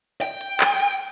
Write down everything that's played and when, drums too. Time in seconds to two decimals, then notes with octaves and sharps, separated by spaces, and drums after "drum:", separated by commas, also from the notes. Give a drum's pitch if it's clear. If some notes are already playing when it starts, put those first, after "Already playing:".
0.21 G5, drum: hi-hat
0.41 drum: hi-hat
0.60 drum: clap
0.80 drum: hi-hat